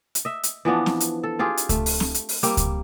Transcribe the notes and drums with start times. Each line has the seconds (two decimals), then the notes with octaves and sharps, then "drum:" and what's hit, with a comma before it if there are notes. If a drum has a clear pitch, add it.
0.15 drum: hi-hat
0.25 D#5 E5
0.43 drum: hi-hat
0.65 E3 F3 B3 D4
0.86 drum: snare C4
1.00 drum: hi-hat
1.23 A4
1.39 C4 F4 G4 G#4
1.57 drum: hi-hat
1.69 A3, drum: kick C#2, hi-hat
1.86 drum: open hi-hat
2.00 drum: snare C4
2.14 drum: hi-hat
2.29 drum: open hi-hat
2.43 G3 A#3 C4, drum: hi-hat
2.57 drum: kick C#2, hi-hat